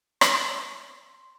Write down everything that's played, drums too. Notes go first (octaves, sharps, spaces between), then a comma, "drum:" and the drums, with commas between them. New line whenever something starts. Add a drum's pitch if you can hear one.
C#6, drum: rim click
C6